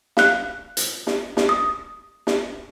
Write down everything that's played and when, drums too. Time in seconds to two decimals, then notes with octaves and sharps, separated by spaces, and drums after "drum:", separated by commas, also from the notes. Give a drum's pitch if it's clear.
0.17 F5 F#6, drum: snare
0.77 drum: hi-hat
1.07 drum: snare
1.37 drum: snare
1.49 D#6
2.27 drum: snare